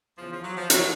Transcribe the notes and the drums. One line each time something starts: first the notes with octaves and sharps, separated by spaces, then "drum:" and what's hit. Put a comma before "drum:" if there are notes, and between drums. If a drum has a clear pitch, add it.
E2 C#3 E3 F3
F3
F#3
F3
E3 F#3, drum: hi-hat